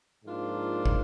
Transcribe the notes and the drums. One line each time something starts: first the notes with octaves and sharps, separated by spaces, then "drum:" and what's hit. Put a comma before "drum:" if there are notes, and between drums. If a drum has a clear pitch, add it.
G#2 F3 A#3 D4 F4
drum: kick